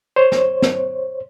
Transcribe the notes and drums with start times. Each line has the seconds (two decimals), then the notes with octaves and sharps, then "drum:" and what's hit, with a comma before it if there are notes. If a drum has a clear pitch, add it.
0.16 C5 C#5
0.32 drum: snare
0.62 drum: snare